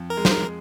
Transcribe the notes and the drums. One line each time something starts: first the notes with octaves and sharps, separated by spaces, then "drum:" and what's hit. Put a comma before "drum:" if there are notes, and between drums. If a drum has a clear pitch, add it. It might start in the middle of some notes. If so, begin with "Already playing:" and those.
Already playing: F2
A#4
G#3
C5, drum: snare
A#4